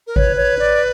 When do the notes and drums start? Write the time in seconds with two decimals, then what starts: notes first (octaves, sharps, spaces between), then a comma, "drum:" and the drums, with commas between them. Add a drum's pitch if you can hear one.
0.07 A#4
0.16 B4 C#5, drum: kick G#1
0.37 C#5
0.59 D5